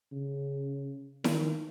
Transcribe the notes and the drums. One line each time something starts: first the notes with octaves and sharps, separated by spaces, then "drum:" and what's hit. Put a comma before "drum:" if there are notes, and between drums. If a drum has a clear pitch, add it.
C#3
D#3, drum: snare E4